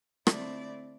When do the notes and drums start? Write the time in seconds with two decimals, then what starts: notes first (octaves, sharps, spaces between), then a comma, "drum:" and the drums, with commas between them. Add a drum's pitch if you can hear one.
0.27 D3 A3 C4 E4 D5, drum: rim click